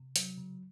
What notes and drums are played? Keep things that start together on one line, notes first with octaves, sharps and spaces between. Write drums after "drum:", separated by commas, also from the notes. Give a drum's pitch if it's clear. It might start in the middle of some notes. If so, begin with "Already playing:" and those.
Already playing: C3
F#3, drum: hi-hat
C#3